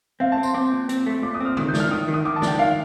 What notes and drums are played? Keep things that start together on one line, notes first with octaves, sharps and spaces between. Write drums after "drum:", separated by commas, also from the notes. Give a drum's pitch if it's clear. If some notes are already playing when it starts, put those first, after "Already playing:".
C4 F5
A5
C4
C6, drum: tambourine
C4 D6
A#2
C4, drum: hi-hat
A3
A#2 D6
D#6
C4 F6
D#3 D#6, drum: tom
G6
D4, drum: snare
F6
D#3 D#6
D#3
D#6
D#3 D6
A5
D4, drum: snare
G5
D#3 F5